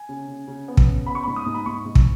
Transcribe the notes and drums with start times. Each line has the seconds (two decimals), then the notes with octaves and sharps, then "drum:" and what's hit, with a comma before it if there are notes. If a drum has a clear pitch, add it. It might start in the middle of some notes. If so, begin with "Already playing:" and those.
Already playing: G#5
0.09 C#3
0.28 C#3
0.48 C#3
0.68 B3
0.77 drum: kick
0.87 C#3
1.06 B3 B5
1.15 C#6
1.23 G#2 B5
1.36 D#6
1.46 G#2
1.55 B5
1.66 G#2 C#6
1.86 G#2
1.95 drum: kick